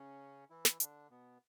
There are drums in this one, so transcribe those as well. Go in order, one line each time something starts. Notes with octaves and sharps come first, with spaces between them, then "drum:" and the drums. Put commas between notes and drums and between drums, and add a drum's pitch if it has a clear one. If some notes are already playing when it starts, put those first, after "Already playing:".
Already playing: C#3 C#4
E3 E4
drum: snare
D3 D4, drum: hi-hat
B2 B3